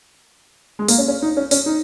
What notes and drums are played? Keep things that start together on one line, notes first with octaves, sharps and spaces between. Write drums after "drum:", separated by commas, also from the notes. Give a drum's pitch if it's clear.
G#3
A#3, drum: open hi-hat
C#4
C#4
D#4
C#4
C#4, drum: open hi-hat
D#4